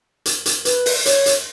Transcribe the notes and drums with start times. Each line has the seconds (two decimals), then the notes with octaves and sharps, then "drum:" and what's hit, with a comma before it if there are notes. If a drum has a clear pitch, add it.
0.26 drum: hi-hat
0.46 drum: hi-hat
0.65 B4, drum: hi-hat
0.86 drum: open hi-hat
1.06 C#5, drum: hi-hat
1.26 drum: hi-hat